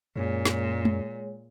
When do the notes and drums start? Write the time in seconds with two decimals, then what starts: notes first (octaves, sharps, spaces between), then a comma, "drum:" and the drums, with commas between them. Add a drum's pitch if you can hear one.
0.16 F#2 A#2 G#3 G#4 C#5
0.45 drum: snare
0.85 drum: tom G#3